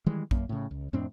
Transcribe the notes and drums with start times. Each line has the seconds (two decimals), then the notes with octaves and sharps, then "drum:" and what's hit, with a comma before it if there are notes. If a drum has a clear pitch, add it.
0.06 D#3 E3 G3 G#3
0.31 F#2 A#3, drum: kick A#1
0.49 A2 C#3
0.71 C#2
0.93 F2 A2 C4 D4